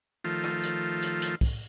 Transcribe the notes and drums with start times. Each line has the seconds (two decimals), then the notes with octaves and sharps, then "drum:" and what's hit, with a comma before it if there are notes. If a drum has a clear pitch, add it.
0.24 D#3 F3 A3 F4
0.44 drum: rim click
0.63 drum: hi-hat
1.02 drum: hi-hat
1.22 drum: hi-hat
1.41 drum: kick, open hi-hat